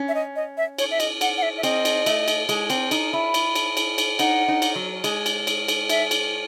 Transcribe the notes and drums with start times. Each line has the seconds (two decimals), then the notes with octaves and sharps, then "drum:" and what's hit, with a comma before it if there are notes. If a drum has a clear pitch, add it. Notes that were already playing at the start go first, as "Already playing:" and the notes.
Already playing: C#4
0.08 E5
0.15 D#5
0.36 D#5
0.57 E5
0.78 C#5, drum: cymbal
0.91 E5
1.00 D#5, drum: cymbal
1.21 F#5, drum: cymbal
1.38 F#5
1.42 E5
1.58 E5
1.63 C4 D#5, drum: cymbal
1.85 drum: cymbal
2.06 A3, drum: cymbal
2.28 drum: cymbal
2.49 G#3, drum: cymbal
2.70 C4, drum: cymbal
2.91 D#4, drum: cymbal
3.13 E4
3.34 drum: cymbal
3.55 drum: cymbal
3.77 drum: cymbal
3.98 drum: cymbal
4.19 D#4 F#5, drum: cymbal
4.48 D#4
4.62 drum: cymbal
4.76 F#3
5.04 G#3, drum: cymbal
5.26 drum: cymbal
5.47 drum: cymbal
5.68 drum: cymbal
5.89 E5, drum: cymbal
6.11 drum: cymbal